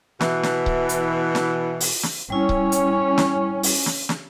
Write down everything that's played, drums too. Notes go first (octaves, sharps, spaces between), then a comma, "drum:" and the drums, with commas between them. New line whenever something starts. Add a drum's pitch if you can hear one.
B2 E3, drum: snare
drum: snare
drum: kick C#1
drum: hi-hat
drum: snare
drum: open hi-hat
drum: snare
G3 C#4 E4 C#5
drum: kick C#1
drum: hi-hat
drum: snare
drum: open hi-hat
drum: snare
drum: snare